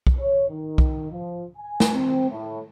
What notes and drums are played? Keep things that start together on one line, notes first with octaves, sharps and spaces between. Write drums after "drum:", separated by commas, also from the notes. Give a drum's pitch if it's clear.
drum: kick B1
C#5
D#3
drum: kick B1
F3
G#5
drum: snare
C4
A2